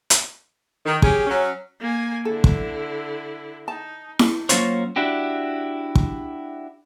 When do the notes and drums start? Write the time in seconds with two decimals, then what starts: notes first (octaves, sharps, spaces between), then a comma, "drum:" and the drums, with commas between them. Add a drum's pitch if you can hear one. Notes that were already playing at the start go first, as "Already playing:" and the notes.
0.10 drum: hi-hat
0.86 D#3
1.02 C#4 G4 G#4, drum: kick
1.27 F#3 C#4
1.81 A#3 G#5
2.25 D3 E4 A4
2.44 drum: kick
3.68 D#4 A5
4.19 drum: snare E4
4.49 F#3 A#3 C#4 F4 C5 C#5, drum: hi-hat
4.96 D4 E4 F#4 G4
5.95 drum: kick